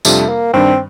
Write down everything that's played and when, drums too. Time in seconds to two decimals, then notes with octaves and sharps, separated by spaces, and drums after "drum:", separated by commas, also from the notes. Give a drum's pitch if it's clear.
0.05 F2 C3 G3 A3 D4 F4, drum: tambourine
0.29 A#3
0.53 G2 D#3 G3 C4 D4